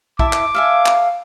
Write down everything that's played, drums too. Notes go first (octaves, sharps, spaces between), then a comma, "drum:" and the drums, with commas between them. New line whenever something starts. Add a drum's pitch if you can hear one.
E4 E5 A5 D6, drum: kick
drum: clap
A4 E5 F5 G#5
drum: clap